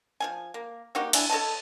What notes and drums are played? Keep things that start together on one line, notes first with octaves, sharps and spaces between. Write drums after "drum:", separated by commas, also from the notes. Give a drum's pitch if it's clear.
F3 C#4 G#5
A#3
A#3 D#4 F#4 G4
D4 E4 G#5, drum: cymbal
A4 C#5 D#5 A5